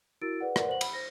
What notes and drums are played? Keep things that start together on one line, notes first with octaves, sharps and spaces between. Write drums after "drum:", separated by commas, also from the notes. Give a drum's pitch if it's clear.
E4 F#4 A#4 E6 A6 D7
G#4 B4 D5 F#5
A#4 B4 D5 F#5, drum: rim click
C5 F#5 F#7
B5, drum: cymbal
C5 A#6